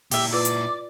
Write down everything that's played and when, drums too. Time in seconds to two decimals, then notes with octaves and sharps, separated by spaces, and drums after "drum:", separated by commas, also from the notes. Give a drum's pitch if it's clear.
0.11 A#2 E4 G4 E5, drum: open hi-hat
0.32 F4 B4 D5 D6 E6
0.45 drum: hi-hat